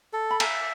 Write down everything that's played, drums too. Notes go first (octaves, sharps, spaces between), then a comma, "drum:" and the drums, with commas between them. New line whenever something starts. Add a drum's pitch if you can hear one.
A4
B5
E5 G#5 A#5, drum: cymbal